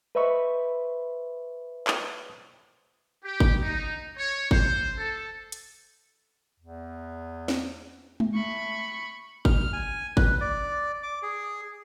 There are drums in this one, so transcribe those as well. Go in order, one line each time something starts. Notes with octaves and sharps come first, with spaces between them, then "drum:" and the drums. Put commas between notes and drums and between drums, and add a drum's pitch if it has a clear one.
B4 C5 D#5 E5 B5 C#6
drum: clap
G4
drum: kick G1
D#4
C#5
C5, drum: kick G1
A4
drum: hi-hat
E2
drum: snare
drum: tom G#3
A3 B5 C#6
F6, drum: kick G1
G#5
B4, drum: kick G1
D5
D6
G#4